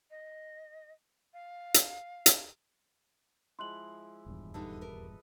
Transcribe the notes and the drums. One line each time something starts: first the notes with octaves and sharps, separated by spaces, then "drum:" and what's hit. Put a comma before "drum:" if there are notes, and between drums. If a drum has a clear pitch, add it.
D#5
F5
drum: hi-hat
drum: hi-hat
F3 G#3 E4 C6 F#6 F#7
D#1 E2 G2
D3 G3 D#4 A4 B4 D#5
G3 A#4